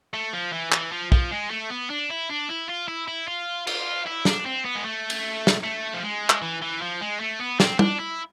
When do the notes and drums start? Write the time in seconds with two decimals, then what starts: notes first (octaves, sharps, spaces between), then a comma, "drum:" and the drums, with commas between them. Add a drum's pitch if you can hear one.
0.14 A3
0.33 F3
0.53 E3
0.72 E3, drum: clap
0.92 F3
1.12 F3, drum: kick
1.31 G#3
1.50 A3
1.70 B3
1.90 D4
2.10 E4
2.29 D4
2.49 E4
2.69 F4
2.88 E4
3.08 E4
3.28 F4
3.67 F4, drum: cymbal
4.06 E4
4.25 D4, drum: snare
4.46 C4
4.65 B3
4.75 G#3
4.85 A3
5.10 drum: cymbal
5.47 drum: snare
5.64 A3
5.94 F3
6.03 G#3
6.30 drum: clap
6.42 E3
6.62 E3
6.81 F3
7.01 G#3
7.20 A3
7.40 B3
7.60 C4, drum: snare
7.79 D4, drum: tom
7.99 E4